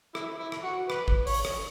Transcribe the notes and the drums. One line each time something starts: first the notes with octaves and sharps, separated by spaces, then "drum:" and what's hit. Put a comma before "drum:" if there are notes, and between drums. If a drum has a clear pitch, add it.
E4, drum: rim click
E4
drum: rim click
F#4
B4, drum: rim click
drum: kick
C#5, drum: open hi-hat
drum: rim click